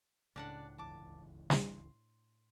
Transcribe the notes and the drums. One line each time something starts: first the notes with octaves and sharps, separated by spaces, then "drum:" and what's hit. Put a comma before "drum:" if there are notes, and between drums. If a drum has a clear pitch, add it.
C#2 A2 C#3 D4 D5 F#5 A5
D1 G1 E3 A5 D6
C6, drum: snare